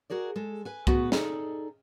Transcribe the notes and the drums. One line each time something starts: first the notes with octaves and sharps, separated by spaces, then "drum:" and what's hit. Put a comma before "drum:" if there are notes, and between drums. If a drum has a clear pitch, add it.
F#4 G#4 A#4 D5
G#3 A4
B4 G#5
A3 B3 F#4 G#4 B4, drum: kick C2
D#4 G#4 A4 D5, drum: snare